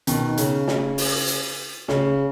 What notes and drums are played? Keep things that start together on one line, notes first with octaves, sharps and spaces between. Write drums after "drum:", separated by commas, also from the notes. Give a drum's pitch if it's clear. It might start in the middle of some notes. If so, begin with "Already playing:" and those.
B2 D#3, drum: hi-hat
C#3, drum: hi-hat
drum: snare
drum: open hi-hat
drum: hi-hat
C#3, drum: snare